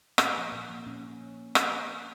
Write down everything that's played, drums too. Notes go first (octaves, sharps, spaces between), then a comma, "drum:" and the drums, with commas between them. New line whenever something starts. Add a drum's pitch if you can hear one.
A#2, drum: rim click
F3 A#3
A#2
F3 A#3
A#2 C#4
drum: rim click